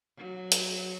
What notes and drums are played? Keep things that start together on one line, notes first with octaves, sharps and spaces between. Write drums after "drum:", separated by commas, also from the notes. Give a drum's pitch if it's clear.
F#3
drum: hi-hat